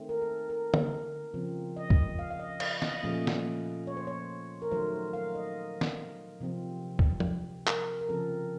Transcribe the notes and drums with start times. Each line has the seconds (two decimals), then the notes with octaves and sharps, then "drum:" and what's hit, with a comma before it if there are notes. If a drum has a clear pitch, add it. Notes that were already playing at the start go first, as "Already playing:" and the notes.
Already playing: D#3 A3 C4
0.09 A#4
0.22 A4
0.49 A#4
0.74 drum: tom D3
1.34 C#3 F3 C4
1.76 D#5
1.90 drum: kick C#2
2.19 F5
2.31 F5
2.40 D#5
2.60 F5, drum: cymbal
2.82 D#5, drum: snare
3.03 A#2 F3 A3 C#4
3.27 drum: snare
3.87 C#5
3.97 C5
4.07 C#5
4.62 A#4
4.71 D#3 F#3 A3 C5
5.13 F5
5.35 D#5
5.81 drum: snare
6.40 C3 F3 C4
6.99 drum: kick C#2
7.20 drum: tom F3
7.67 A#4, drum: clap
8.01 A#4
8.09 C#3 F3 C4 A4